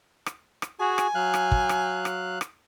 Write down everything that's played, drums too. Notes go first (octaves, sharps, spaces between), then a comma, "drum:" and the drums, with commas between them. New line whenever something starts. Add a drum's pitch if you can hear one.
drum: rim click
drum: rim click
F#4 G#4 G#5
drum: rim click
F#3 F5 F#6
drum: rim click
drum: kick
drum: rim click
drum: rim click
drum: rim click